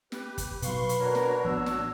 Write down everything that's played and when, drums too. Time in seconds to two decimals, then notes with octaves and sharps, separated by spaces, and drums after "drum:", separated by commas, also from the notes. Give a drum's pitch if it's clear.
0.12 G4 B4, drum: snare
0.38 drum: kick, hi-hat
0.62 B2 F#3 B4 F5 C6 C#6, drum: hi-hat
0.89 drum: hi-hat
1.00 D4 F#4 A#4 C#5
1.15 drum: snare
1.45 A1 F3 B3 E6
1.66 drum: snare